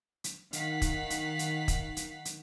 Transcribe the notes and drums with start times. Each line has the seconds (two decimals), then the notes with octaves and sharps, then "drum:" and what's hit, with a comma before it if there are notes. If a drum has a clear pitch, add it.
0.24 drum: hi-hat
0.53 D#3 F5 F#5 B6, drum: hi-hat
0.82 drum: kick, hi-hat
1.10 drum: hi-hat
1.39 drum: hi-hat
1.68 drum: kick, hi-hat
1.97 drum: hi-hat
2.25 drum: hi-hat